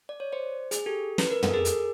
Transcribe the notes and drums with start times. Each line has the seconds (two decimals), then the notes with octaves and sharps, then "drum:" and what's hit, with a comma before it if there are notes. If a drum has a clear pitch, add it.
0.09 D5
0.20 C#5
0.32 C5 D5
0.71 G#4, drum: hi-hat
0.86 G4 A4
1.18 B4, drum: snare
1.30 A#4
1.43 A4, drum: tom
1.54 G#4 A#4
1.65 drum: hi-hat